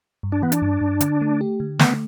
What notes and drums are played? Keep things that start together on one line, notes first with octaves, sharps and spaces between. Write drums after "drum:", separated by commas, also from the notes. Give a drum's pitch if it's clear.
G2
D4
E3 B3
D4, drum: hi-hat
G2
G2
D3, drum: hi-hat
A3
G4
D3
A3 B3, drum: snare